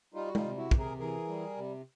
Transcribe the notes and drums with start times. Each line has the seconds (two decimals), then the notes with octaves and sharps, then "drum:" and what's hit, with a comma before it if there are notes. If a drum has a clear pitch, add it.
0.14 G3 D#4 F4
0.27 F#4
0.35 D#4 F4, drum: tom G#3
0.43 C3
0.57 E4 F#4
0.71 C3, drum: kick
0.78 G#4 A#4
0.99 E3 G#4 A#4
1.28 G3
1.57 C3